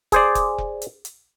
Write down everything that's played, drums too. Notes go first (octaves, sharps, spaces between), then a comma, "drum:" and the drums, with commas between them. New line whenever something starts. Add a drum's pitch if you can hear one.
G#4 C5 D5, drum: kick F1, hi-hat
drum: kick F1, hi-hat
drum: kick F1
drum: hi-hat
drum: hi-hat